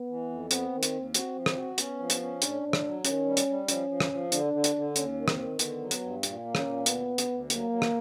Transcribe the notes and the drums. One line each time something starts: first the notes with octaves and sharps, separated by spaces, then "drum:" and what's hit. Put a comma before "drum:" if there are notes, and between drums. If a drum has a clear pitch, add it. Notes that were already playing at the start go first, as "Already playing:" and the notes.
Already playing: B3
E3
F2
B3 C4, drum: hi-hat
D#3
drum: hi-hat
D#2
C4 F#4, drum: hi-hat
F3
drum: rim click
F#4
B3 C#4, drum: hi-hat
F3
drum: hi-hat
C#4
A2 D4, drum: hi-hat
A2
drum: rim click
F#3
D#3 C#4, drum: hi-hat
G3
drum: hi-hat
G3
F3 C#4, drum: hi-hat
F3
drum: rim click
F3
D3 D4, drum: hi-hat
D3
drum: hi-hat
D3
D#2 C#4, drum: hi-hat
D#3
C4, drum: rim click
D#3
D3 B3, drum: hi-hat
F#3
B3, drum: hi-hat
G2
A#2, drum: hi-hat
A#3
C#4, drum: rim click
A#2
D2 B3, drum: hi-hat
D2
drum: hi-hat
D2
F#3 A#3, drum: hi-hat
F#3
drum: rim click